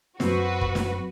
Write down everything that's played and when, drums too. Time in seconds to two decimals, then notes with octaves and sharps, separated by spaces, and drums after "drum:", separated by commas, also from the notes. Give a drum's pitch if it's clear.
0.20 F#2 C4 F#4 B4, drum: snare
0.61 drum: kick
0.75 drum: snare